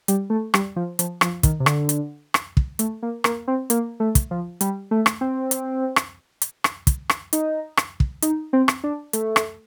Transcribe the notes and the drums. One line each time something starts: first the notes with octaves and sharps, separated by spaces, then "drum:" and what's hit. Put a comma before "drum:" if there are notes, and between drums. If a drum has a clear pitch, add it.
G3, drum: hi-hat
A3
G3, drum: rim click
F3
F3, drum: hi-hat
F3, drum: rim click
D#3, drum: kick, hi-hat
C3
D3, drum: rim click
drum: hi-hat
drum: rim click
drum: kick
A3, drum: hi-hat
A#3
A#3, drum: rim click
C4
A#3, drum: hi-hat
A3
drum: kick, hi-hat
F3
G3, drum: hi-hat
A3
drum: rim click
C4
drum: hi-hat
drum: rim click
drum: hi-hat
drum: rim click
drum: kick, hi-hat
drum: rim click
D#4, drum: hi-hat
drum: rim click
drum: kick
D#4, drum: hi-hat
C4
drum: rim click
D4
A3, drum: hi-hat
drum: rim click